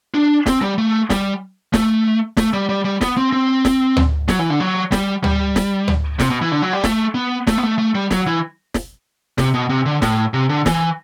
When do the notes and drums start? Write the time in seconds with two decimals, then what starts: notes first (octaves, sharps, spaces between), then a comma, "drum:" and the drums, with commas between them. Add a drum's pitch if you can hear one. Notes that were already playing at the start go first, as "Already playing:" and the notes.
0.14 D4
0.46 C4, drum: snare
0.62 G3
0.78 A3
1.10 G3, drum: snare
1.73 A3, drum: snare
2.37 A3, drum: snare
2.53 G3
2.69 G3
2.85 G3
3.01 B3, drum: snare
3.17 C4
3.33 C4
3.65 drum: snare
3.97 drum: tom D2
4.28 F#3, drum: snare
4.39 E3
4.50 D3
4.60 F#3
4.92 G3, drum: snare
5.24 G3, drum: tom D2
5.56 drum: snare
5.88 drum: tom D2
6.19 C3, drum: snare
6.30 B2
6.42 E3
6.52 D3
6.62 F#3
6.73 G3
6.84 A3, drum: snare
7.15 B3
7.47 A3, drum: snare
7.58 B3
7.63 A3
7.79 A3
7.95 G3
8.11 F#3, drum: snare
8.27 E3
8.74 drum: snare
9.38 C3, drum: snare
9.54 B2
9.69 C3
9.86 D3
10.02 A2, drum: snare
10.34 C3
10.49 D3
10.66 E3, drum: snare